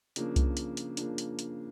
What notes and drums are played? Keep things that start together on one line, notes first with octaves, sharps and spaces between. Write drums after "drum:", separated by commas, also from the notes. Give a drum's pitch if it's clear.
C#3 F3 A#3 D4, drum: hi-hat
drum: kick C2, hi-hat
drum: hi-hat
drum: hi-hat
C#3 F3 A#3 D4, drum: hi-hat
drum: hi-hat
drum: hi-hat